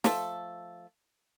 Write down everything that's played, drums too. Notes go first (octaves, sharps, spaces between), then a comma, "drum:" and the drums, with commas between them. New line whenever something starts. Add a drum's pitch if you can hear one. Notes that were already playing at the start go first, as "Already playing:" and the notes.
F3 A3 A4, drum: snare